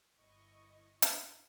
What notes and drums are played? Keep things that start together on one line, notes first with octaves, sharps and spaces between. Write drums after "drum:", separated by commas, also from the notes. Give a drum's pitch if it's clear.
G1 E4 D#5 C#6
drum: hi-hat